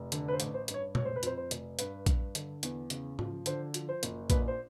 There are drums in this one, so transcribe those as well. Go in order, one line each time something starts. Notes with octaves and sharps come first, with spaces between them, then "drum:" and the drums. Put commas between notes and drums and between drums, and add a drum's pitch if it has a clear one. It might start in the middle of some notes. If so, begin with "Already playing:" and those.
Already playing: F1
D3, drum: hi-hat
B4
C5
A1, drum: hi-hat
C5
G2, drum: hi-hat
C#5
F1 C#5, drum: tom
C5
B4
F2 C5, drum: hi-hat
C5
F1, drum: hi-hat
G2 B4, drum: hi-hat
G2, drum: kick A#1, hi-hat
D3, drum: hi-hat
E2, drum: hi-hat
C#3, drum: hi-hat
F3, drum: tom G#2
D3 C5, drum: hi-hat
F3, drum: hi-hat
C5
F#1, drum: hi-hat
A#1 B4, drum: kick A#1, hi-hat
C5